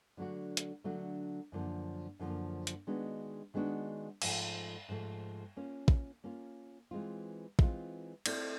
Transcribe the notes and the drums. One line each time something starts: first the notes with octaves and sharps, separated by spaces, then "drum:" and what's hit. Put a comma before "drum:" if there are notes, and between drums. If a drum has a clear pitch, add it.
D3 F#3 A3 D4 F#4
drum: hi-hat
D3 F#3 A3 D4 F#4
F#2 D3 F3 A#3
F#2 D3 F3 A#3
drum: hi-hat
D#3 G#3 B3 D4 F#4
D#3 G#3 B3 D4 F#4
G#2 F3 A3, drum: cymbal
G#2 F3 A3
A#3 C#4 F4
drum: kick
A#3 C#4 F4
E3 G#3 C4 F4
E3 G#3 C4 F4, drum: kick
A3 C4 E4 A4 D5, drum: cymbal